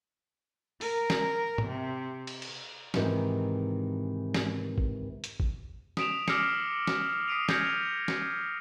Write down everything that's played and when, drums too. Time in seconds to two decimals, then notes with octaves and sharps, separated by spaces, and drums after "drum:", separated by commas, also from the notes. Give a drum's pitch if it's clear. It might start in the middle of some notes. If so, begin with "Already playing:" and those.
0.81 A#4, drum: open hi-hat
1.10 drum: snare
1.58 drum: tom
1.68 C3
2.27 drum: cymbal
2.42 drum: cymbal
2.94 G#2 C3 D#3 E3, drum: snare
4.34 drum: snare
4.78 drum: kick
5.24 drum: hi-hat
5.40 drum: kick
5.97 D#6 B6 D7 E7 F7, drum: snare
6.28 D6 E6 F6 A#6 C7 C#7, drum: snare
6.87 drum: snare
7.28 D#6 B6 C7 D7 D#7 F7
7.49 F6 G6 G#6 A#6 C#7 F7, drum: snare
7.66 F7
8.08 drum: snare